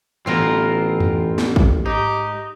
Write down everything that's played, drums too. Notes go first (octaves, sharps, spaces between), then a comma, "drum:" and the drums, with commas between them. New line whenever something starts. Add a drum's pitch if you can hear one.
A1 D3 E3 B3 C4 F4 A#4
drum: tom F2
drum: snare
drum: kick
G#2 D#4 G4